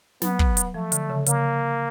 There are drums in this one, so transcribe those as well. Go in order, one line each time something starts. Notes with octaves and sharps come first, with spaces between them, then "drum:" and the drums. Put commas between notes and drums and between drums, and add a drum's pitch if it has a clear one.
F#3 B3, drum: snare
drum: kick
drum: hi-hat
F3 A3
D3, drum: hi-hat
C#3
C#3 A#3, drum: hi-hat